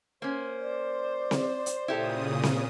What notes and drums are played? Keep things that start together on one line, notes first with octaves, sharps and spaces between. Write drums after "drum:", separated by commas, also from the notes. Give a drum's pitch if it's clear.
A#3 C#4 C5
D5
drum: snare C4
drum: hi-hat
A#2 C#3 E4 G4 A4 D#6
drum: snare C4